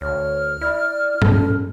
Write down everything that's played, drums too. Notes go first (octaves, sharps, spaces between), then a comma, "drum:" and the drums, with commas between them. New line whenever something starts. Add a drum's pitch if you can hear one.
D2 C#5 F6
E4 D5
C#4 A4, drum: tom